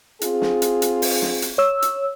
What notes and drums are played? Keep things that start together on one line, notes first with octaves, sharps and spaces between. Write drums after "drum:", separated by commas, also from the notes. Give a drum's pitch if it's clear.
C4 F4 G#4, drum: hi-hat
drum: snare
drum: hi-hat
drum: hi-hat
drum: open hi-hat
drum: snare
drum: hi-hat
C#5 E6
drum: hi-hat